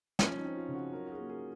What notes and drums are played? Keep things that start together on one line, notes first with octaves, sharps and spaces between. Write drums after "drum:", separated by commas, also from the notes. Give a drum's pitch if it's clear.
F3 C#4, drum: snare
D#4
C4
F4
C#3
F#4
F#3 A#4
F#4
G#4
A#3
G#4